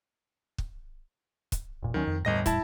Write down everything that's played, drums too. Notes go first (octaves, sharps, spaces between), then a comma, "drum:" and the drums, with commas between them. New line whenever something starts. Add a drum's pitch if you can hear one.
drum: kick
drum: kick, hi-hat
E1 A#2
D2 D#3 F#3 C#4
F2
G1 E2 A2 G3 D#5 A#6
E4 A5, drum: kick, hi-hat